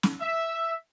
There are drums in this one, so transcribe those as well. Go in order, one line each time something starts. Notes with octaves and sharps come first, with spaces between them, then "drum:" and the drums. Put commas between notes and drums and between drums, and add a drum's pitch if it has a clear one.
drum: snare
E5